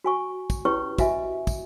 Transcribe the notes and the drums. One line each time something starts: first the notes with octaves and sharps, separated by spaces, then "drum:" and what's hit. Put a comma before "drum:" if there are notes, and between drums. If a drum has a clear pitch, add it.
F#4 G#5 C#6
drum: kick, tambourine
C#4 E4 G4 B4 C#5 C#6
F#4 D#5 E5 G#5, drum: kick, tambourine
drum: kick, tambourine